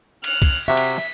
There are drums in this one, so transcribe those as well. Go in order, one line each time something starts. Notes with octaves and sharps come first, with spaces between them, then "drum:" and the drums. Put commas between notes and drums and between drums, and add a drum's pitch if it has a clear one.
F6 F#6, drum: cymbal
drum: kick, cymbal
C3 F#4 E5 B6
drum: cymbal